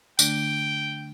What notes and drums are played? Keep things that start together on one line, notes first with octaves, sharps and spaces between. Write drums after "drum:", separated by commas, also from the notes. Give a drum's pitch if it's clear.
D3 A3 D4 G5, drum: tambourine